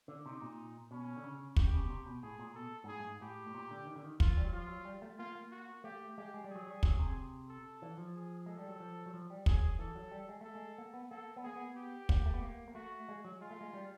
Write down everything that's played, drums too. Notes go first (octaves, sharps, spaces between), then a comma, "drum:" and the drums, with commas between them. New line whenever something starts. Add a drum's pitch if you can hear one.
D3
C3 D#4
A#2
B2 C#4
D3
C#3
C#3 G4, drum: kick
C#3
B2
C3
B2
A2 G#4
A#2
B2 A4
G#2
A2 G#4
G2
G#2
A2 G4
A2
A#2
D3
D#3
D3
D#3
E3 F4, drum: kick
G3
F#3
F3 F4
F#3
G3
A3
A#3 F4
A#3
F#4
A3 G4
G#3 G4
G#3
G3
G#4
F#3
G3
F#3, drum: kick
C3
A4
E3
F3
G#4
G#3 A4
G3
F#3
F3
F#3
F3
G3
F#3 G#4, drum: kick
E3 A4
F#3
G3
G#3
A3 A4
G#3
A#3
B3
A#3 A4
B3
A#3 G#4
B3
G4
A#3, drum: kick
A3
B3
A#3
A#3
A3 F#4
G#3
F#3
G#3 F4
A3
G#3
G3